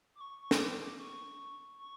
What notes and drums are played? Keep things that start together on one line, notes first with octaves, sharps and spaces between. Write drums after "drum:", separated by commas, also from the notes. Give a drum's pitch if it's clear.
D6
C#6
C#6
D#6, drum: snare
D6
D6
C#6
C#6